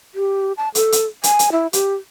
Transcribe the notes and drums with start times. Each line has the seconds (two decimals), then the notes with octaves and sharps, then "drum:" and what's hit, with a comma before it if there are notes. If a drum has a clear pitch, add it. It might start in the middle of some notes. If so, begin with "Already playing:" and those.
0.15 G4
0.57 A5
0.75 A4, drum: hi-hat
0.92 drum: hi-hat
1.24 G#5, drum: hi-hat
1.39 drum: hi-hat
1.52 E4
1.73 G4, drum: hi-hat